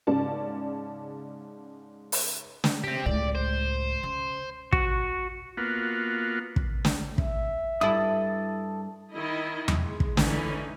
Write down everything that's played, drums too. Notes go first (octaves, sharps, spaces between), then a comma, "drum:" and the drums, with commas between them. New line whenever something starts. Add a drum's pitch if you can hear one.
G#2 C#3 C#4 D5 A5
drum: open hi-hat
drum: snare
C4 G4
C#2 A2 D5
C5
C#3
F#4, drum: kick
A#3 B3 F4 F#4
drum: kick
drum: snare
E5, drum: kick
G2 E4 A4 D#6
D#3 E4 D#5
drum: tom E2
G#3
drum: kick
D3 E3 C#4 D#4 E4, drum: snare